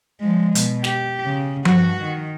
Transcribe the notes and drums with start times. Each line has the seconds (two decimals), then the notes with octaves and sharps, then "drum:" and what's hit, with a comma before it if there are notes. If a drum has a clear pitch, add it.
0.20 F3 G#3
0.55 B2, drum: hi-hat
0.84 G4, drum: snare
1.26 C#3
1.65 G2 F#4, drum: tom F3
2.03 D#3